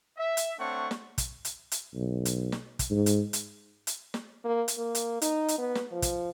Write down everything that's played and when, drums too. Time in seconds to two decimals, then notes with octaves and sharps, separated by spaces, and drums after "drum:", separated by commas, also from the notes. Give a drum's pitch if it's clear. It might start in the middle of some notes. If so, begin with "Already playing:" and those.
0.17 E5
0.37 drum: hi-hat
0.59 A3 C4 D4 C#5 F#5 C#6
0.91 drum: snare
1.18 drum: kick, hi-hat
1.45 drum: hi-hat
1.72 drum: hi-hat
1.95 B1
2.25 drum: hi-hat
2.52 drum: snare
2.79 drum: kick, hi-hat
2.91 G#2
3.06 drum: hi-hat
3.33 drum: hi-hat
3.87 drum: hi-hat
4.14 drum: snare
4.45 A#3
4.68 drum: hi-hat
4.77 A#3
4.95 drum: hi-hat
5.22 D#4, drum: hi-hat
5.48 drum: hi-hat
5.58 B3
5.75 drum: snare
5.92 F3
6.02 drum: kick, hi-hat